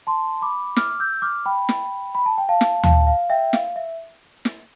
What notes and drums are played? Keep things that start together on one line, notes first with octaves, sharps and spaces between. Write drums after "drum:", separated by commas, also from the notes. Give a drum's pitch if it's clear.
A5 C6
B5 D6
D6 F6, drum: snare
E6 G6
D6 F6
G5 B5
drum: snare
B5
A5
G5
F5 A5
drum: snare
F5 A5, drum: tom D2
F5
E5 G5
F5, drum: snare
E5
drum: snare